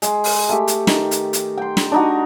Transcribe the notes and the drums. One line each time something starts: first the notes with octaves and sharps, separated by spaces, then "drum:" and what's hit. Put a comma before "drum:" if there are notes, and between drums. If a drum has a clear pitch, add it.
G#3, drum: hi-hat
drum: open hi-hat
A3 G4
drum: hi-hat
D#3, drum: snare
drum: hi-hat
drum: hi-hat
G5 C6
drum: snare
D4 D#4 F#4